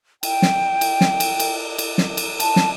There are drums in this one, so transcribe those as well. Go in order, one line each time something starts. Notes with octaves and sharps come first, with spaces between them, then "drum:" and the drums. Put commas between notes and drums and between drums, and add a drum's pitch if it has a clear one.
G5, drum: cymbal
drum: snare
drum: cymbal
drum: snare
drum: cymbal
drum: cymbal
drum: cymbal
drum: snare
drum: cymbal
A5, drum: cymbal
drum: snare